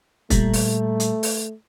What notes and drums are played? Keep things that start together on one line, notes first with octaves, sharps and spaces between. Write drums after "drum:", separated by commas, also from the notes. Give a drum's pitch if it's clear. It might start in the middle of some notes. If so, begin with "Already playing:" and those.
A#2 G3 A3, drum: kick, hi-hat
drum: open hi-hat
drum: hi-hat
drum: open hi-hat